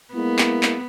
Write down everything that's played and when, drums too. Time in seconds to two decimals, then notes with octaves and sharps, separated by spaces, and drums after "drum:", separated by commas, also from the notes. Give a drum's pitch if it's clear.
0.14 G#3 A#3 B3 E4
0.39 drum: clap
0.63 drum: clap